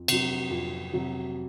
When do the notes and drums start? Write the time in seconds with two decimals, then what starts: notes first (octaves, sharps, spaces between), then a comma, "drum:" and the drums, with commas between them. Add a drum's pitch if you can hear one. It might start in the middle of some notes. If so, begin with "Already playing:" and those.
Already playing: F2
0.08 C3 F#3, drum: cymbal
0.50 F2
0.93 C3 F#3